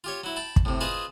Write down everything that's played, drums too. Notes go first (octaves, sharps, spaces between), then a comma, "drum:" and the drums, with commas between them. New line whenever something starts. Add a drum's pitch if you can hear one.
F4 G4 C#5
F#3 E4
G5 A5 B5
drum: kick
A2 C3
F4 G#4 B4 C5 D#5 F5